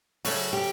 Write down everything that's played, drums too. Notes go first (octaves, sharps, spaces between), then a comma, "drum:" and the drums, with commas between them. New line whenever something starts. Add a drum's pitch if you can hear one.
C#3 F#3 A3 C#4 F#4, drum: open hi-hat
G4